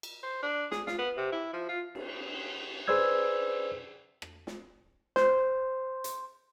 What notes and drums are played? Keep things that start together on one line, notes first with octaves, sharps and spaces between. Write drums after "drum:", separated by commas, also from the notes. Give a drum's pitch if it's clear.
drum: cymbal
C5
D4
G#4, drum: snare
F4, drum: snare
B3
C3
E4
F3
F4
drum: cymbal
G#4 B4 C5 D5 E6 G#6
drum: rim click
drum: snare
C5, drum: snare
drum: hi-hat